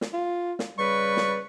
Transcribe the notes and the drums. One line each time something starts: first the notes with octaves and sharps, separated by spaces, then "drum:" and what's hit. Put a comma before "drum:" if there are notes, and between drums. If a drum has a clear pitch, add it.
drum: snare
F4
drum: snare
C#3 G3 B4 C#6
drum: snare